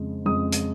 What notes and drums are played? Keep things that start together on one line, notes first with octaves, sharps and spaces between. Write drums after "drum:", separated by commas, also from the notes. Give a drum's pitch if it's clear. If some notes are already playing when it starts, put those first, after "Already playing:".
Already playing: F2 C#3 G#3
F2 C#3 G#3 D#6
drum: hi-hat